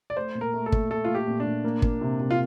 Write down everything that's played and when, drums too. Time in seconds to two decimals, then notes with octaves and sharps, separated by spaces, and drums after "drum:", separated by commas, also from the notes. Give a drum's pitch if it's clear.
0.10 D5
0.16 A3 C5
0.35 A#2
0.41 A#4
0.54 A3
0.66 A4
0.72 A3, drum: kick
0.90 A3 A4
1.05 A#2 F4
1.15 G4
1.28 A#2
1.40 D4
1.46 A#2
1.64 A#3
1.82 A#3, drum: kick
2.01 C3
2.20 C3
2.31 F4